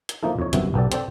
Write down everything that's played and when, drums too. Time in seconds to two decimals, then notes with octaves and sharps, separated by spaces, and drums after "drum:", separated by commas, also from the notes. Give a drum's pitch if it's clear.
0.09 drum: hi-hat
0.23 F3 A#3 D#4 E4 A4
0.39 F2 C#5
0.53 G1 F#2 C3 B3 E4, drum: hi-hat
0.74 B1 B3 G4 A4 D5
0.92 C4 A4 D5 G5, drum: hi-hat